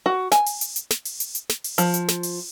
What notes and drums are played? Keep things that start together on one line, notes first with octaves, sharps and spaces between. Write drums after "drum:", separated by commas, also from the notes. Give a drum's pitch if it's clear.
F#4
G#5, drum: snare
drum: open hi-hat
drum: hi-hat
drum: hi-hat
drum: snare
drum: open hi-hat
drum: hi-hat
drum: hi-hat
drum: snare
drum: open hi-hat
F3, drum: hi-hat
drum: hi-hat
drum: snare
drum: open hi-hat